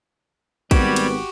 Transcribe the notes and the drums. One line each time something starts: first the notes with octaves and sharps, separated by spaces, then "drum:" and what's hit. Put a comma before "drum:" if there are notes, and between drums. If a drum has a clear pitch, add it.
G#1 G3 B3 F#4 G4 G#6, drum: kick, cymbal
drum: cymbal